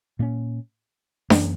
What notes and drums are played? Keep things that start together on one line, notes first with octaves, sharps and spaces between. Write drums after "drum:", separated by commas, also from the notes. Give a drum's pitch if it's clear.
A#2 A#3 C#4
F#2 E3 A#3 C#4, drum: snare D4